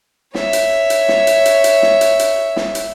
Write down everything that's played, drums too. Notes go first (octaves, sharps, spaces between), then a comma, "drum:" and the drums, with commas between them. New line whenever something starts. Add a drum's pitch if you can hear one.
C#5 E5, drum: snare
drum: hi-hat
drum: hi-hat
drum: snare
drum: hi-hat
drum: hi-hat
drum: hi-hat
drum: snare
drum: hi-hat
drum: hi-hat
drum: snare
drum: hi-hat